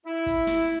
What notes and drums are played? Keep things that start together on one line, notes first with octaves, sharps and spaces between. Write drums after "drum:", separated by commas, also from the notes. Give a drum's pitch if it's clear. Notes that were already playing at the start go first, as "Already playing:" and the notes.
E4
drum: kick, hi-hat
drum: snare